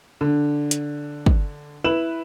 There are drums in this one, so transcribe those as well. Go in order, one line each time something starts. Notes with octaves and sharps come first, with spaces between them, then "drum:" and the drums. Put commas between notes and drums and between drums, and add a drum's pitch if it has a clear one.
D3
drum: hi-hat
drum: kick
E4 B4 E7 F#7